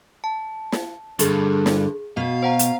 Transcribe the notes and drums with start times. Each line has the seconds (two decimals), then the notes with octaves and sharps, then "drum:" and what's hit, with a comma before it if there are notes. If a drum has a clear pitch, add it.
0.24 A5
0.72 drum: snare
1.19 G2 D3 G#4 A4, drum: hi-hat
1.66 drum: snare
2.17 B2 F#4 F5
2.43 C5 F#5 A#5
2.59 drum: hi-hat